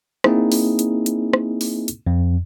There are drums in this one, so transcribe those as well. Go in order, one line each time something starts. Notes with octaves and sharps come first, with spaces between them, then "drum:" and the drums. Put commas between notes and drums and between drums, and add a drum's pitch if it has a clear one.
A#3 C4 D#4 E4 G#4, drum: rim click
drum: open hi-hat
drum: hi-hat
drum: hi-hat
drum: rim click
drum: open hi-hat
drum: hi-hat
F2